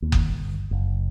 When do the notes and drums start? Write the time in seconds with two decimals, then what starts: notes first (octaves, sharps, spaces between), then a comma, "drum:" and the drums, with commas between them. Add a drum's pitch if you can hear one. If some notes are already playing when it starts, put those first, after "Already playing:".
0.02 D#2
0.12 drum: kick F#1
0.28 G1
0.71 F#1